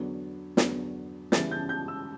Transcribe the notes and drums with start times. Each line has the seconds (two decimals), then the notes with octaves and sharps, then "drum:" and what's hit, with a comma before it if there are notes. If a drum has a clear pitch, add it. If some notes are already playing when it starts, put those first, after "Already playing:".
Already playing: E2 D3 F#3 B3
0.57 E2 D3 F#3 B3, drum: snare
1.32 C#3 E3 G3 B3 E4 A6, drum: snare
1.51 G6
1.69 G6
1.88 E6